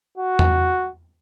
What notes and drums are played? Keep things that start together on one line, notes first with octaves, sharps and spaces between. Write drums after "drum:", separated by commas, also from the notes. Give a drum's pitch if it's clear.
F#4
drum: tom E2